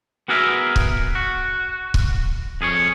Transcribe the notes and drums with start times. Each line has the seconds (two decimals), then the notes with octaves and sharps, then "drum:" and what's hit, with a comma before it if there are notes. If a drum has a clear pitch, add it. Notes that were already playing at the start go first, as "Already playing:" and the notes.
0.28 B3 F#4 G#4 A#4 D#5 E5
0.76 drum: kick
1.15 F#4
1.94 drum: kick
2.61 F2 G#4 A4 C#5